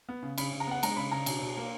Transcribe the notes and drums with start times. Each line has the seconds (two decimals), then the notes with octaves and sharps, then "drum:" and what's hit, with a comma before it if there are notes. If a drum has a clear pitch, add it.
0.09 B3
0.23 C#3
0.38 C#3 B5, drum: cymbal
0.52 C#3
0.60 A#5
0.67 B3 F#5
0.83 G#3 A#5, drum: cymbal
0.97 C#3 B5
1.11 C#3 A#5
1.26 B2, drum: cymbal
1.42 B2
1.57 A#3